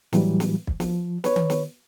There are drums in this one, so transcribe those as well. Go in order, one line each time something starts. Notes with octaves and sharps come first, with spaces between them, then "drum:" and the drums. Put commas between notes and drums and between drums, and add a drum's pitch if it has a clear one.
A2 E3 F#3 G3, drum: snare
drum: snare
drum: kick
F3, drum: snare
B4 C#5, drum: snare
drum: tom D#3
drum: snare